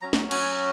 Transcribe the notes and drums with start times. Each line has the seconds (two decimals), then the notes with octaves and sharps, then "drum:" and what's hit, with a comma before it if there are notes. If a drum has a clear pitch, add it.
0.02 F#3 C#4 F#4 A#5
0.13 drum: snare
0.31 G#5, drum: cymbal